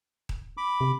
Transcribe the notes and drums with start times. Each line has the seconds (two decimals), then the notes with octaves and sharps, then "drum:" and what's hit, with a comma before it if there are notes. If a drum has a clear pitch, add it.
0.29 drum: kick D#1
0.57 B5 D6
0.81 C3